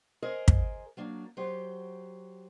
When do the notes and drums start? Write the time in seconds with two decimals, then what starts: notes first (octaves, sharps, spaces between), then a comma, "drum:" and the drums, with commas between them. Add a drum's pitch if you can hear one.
0.22 G#4 A#4 C5 D#5
0.48 drum: kick
0.97 F#3 A#3 D4
1.37 F#3 G4 C5